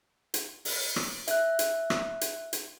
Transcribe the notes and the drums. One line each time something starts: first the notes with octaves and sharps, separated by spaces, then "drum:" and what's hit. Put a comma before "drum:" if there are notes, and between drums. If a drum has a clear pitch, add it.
drum: hi-hat
drum: open hi-hat
drum: rim click
E5 F#6, drum: hi-hat
drum: hi-hat
drum: rim click
drum: hi-hat
drum: hi-hat